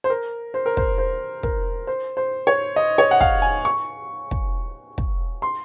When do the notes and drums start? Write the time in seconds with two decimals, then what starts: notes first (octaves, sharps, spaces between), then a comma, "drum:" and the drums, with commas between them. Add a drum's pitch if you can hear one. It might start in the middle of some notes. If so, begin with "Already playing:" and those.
0.04 C5
0.10 A#4
0.54 C5
0.66 A#4
0.77 C5, drum: kick
0.98 C5
1.43 A#4, drum: kick
1.87 C5
2.17 C5
2.47 C#5
2.76 D#5
2.98 C#5
3.11 F#5
3.20 F5, drum: kick
3.42 G#5
3.65 C#6
4.31 drum: kick
4.98 drum: kick
5.42 C6